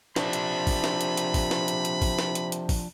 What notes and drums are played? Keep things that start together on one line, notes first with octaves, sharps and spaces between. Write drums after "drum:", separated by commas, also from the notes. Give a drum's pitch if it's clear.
C3 F3 D4 B5, drum: snare
drum: hi-hat
drum: kick, open hi-hat
drum: snare
drum: hi-hat
drum: hi-hat
drum: kick, open hi-hat
drum: snare
drum: hi-hat
drum: hi-hat
drum: kick, open hi-hat
drum: snare
drum: hi-hat
drum: hi-hat
drum: kick, open hi-hat